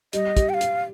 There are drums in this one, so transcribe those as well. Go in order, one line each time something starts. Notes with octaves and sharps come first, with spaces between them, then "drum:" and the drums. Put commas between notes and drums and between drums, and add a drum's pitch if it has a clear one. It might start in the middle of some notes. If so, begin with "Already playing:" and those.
G3 D#5, drum: hi-hat
G4, drum: kick, hi-hat
G5
F5
G4, drum: hi-hat